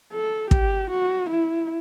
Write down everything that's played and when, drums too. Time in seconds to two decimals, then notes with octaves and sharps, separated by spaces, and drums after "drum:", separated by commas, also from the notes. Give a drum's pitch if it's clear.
0.13 A4
0.51 G4, drum: kick
0.91 F#4
1.30 E4